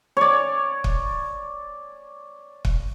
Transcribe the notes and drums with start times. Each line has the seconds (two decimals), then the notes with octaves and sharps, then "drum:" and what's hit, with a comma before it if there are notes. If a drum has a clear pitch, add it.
0.17 C#5 D5
0.84 drum: kick
2.65 drum: kick